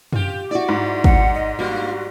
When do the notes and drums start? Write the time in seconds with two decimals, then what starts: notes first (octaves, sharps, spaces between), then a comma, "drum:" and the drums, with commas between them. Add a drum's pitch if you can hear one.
0.13 F4 G4, drum: tom F#2
0.51 E4 F#4 D5
0.69 G#2
1.04 F#5, drum: kick
1.34 D#5
1.59 G3 A#3 F4 F#4